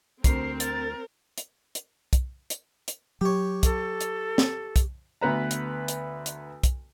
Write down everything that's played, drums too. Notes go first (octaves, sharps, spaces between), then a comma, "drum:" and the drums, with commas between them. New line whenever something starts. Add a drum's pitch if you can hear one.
D2 C4 A#4 C7, drum: kick, hi-hat
A#4 A6, drum: hi-hat
drum: hi-hat
drum: hi-hat
drum: kick, hi-hat
drum: hi-hat
drum: hi-hat
F#3 G4 C#5
A4, drum: kick, hi-hat
drum: hi-hat
drum: snare
drum: kick, hi-hat
D2 B3 B4 A#5
drum: hi-hat
drum: hi-hat
drum: hi-hat
drum: kick, hi-hat